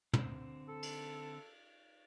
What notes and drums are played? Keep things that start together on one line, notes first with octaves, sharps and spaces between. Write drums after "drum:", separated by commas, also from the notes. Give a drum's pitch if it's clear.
D3 C4, drum: tom
A4
drum: cymbal